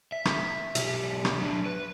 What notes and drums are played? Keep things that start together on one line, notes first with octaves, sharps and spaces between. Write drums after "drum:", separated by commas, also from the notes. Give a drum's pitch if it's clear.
E5
drum: rim click
B1 G4, drum: hi-hat
drum: rim click
F#3 D4
B4